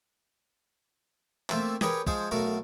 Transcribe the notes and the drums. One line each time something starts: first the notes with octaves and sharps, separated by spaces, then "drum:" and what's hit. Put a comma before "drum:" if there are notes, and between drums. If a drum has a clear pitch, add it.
A3 A#3 C4 F4 E5, drum: clap
G4 G#4 A#4 B4 C#5, drum: snare
F3 G#3 C5 F5 G#5, drum: kick
B1 A3 F#4 A#4 F5